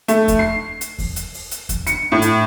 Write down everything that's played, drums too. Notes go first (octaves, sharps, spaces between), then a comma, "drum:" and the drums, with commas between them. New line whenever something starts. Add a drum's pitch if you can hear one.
A3, drum: hi-hat
drum: kick E2, hi-hat
C7
drum: hi-hat
drum: kick E2, open hi-hat
drum: hi-hat
drum: open hi-hat
drum: hi-hat
drum: kick E2, hi-hat
C#7, drum: hi-hat
A2
drum: hi-hat